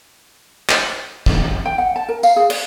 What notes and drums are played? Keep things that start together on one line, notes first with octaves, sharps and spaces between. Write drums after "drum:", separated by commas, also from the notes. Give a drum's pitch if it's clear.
drum: clap
drum: kick
G5
F#5
A5
A#4
F5, drum: tambourine
G#4
D5, drum: cymbal